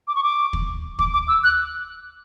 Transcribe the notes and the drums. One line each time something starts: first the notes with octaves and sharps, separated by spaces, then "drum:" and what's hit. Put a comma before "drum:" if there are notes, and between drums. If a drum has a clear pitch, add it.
D6
C#6
D6
drum: kick
D6, drum: kick
D6
E6
F#6